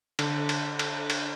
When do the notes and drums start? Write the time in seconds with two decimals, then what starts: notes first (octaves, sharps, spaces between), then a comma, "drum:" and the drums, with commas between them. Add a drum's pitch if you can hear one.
0.19 D3, drum: cymbal
0.49 drum: cymbal
0.79 drum: cymbal
1.10 drum: cymbal